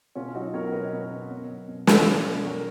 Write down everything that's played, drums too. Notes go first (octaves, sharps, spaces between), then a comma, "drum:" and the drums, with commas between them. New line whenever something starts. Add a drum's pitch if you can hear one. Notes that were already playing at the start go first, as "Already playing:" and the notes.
B2 C#4 F4
F#3 D#4 F#4
B2 A#4 C#5
B2 B4 D#5
B2
A#4 C#5
B2
B2
F#3
B2
B2, drum: snare
F#3
B2
F#3 A#4 C#5